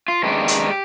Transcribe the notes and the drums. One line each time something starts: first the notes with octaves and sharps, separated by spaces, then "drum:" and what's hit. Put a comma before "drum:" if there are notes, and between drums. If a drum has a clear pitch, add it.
F4
F#2 D#3 G#3 B3 D4 G4
drum: hi-hat